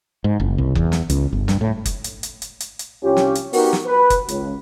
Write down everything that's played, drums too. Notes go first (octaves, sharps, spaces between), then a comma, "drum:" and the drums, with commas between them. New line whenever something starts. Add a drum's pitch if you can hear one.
G#2
F#1
C2
E2, drum: kick F#1
drum: snare
C#2, drum: hi-hat
G1
G2, drum: snare
A2
drum: kick F#1, hi-hat
drum: hi-hat
drum: hi-hat
drum: hi-hat
drum: hi-hat
drum: hi-hat
C2 C#4 F4 G4
drum: snare
drum: hi-hat
B3 D#4 F#4 G4 A#4, drum: open hi-hat
drum: snare
B4
drum: kick F#1, hi-hat
C#2, drum: hi-hat